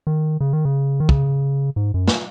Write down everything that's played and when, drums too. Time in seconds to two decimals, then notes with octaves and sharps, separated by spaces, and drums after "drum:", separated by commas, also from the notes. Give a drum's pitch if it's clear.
0.07 D#3
0.41 C#3
0.53 D#3
0.65 C#3
1.00 D#3
1.09 C#3, drum: kick
1.76 G#2
1.94 F#2
2.08 drum: snare